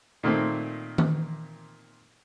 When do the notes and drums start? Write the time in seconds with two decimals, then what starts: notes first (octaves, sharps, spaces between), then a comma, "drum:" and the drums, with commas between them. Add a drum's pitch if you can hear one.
0.23 A#2 D#3 A3 A#3 C4
0.98 drum: tom D#3